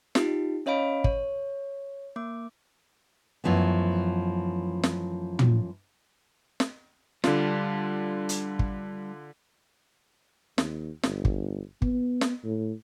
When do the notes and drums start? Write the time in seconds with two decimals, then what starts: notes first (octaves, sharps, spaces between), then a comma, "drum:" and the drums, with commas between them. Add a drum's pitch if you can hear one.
0.15 D#4 F4 G4, drum: snare
0.66 C#4 C#5 D#5 F5 B5 D7
1.04 C#5, drum: kick
2.16 A#3 D6
3.44 F#2 E3 F3 A3 B3
4.83 drum: snare
5.39 drum: tom
6.60 drum: snare
7.24 D3 G3 D4 F4, drum: snare
8.29 drum: hi-hat
8.59 drum: kick
10.58 D#2, drum: snare
11.03 G1, drum: snare
11.25 drum: kick
11.82 B3, drum: kick
12.21 drum: snare
12.44 A2